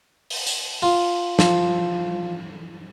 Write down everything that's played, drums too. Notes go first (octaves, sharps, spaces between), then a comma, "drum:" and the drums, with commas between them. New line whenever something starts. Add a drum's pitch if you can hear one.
drum: open hi-hat
drum: tambourine
F4
F3, drum: snare